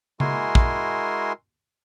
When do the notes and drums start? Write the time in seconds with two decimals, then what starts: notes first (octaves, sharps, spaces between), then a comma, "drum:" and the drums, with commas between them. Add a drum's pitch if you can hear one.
0.20 G#3 E4 F#4 A#4 G#5 C6, drum: tom C#3
0.55 drum: kick